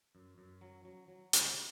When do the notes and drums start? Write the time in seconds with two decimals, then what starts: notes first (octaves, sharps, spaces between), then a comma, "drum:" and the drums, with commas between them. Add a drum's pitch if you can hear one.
0.15 F#2
0.38 F#2
0.61 F#3
0.85 F#3
1.08 F#3
1.33 C#2, drum: hi-hat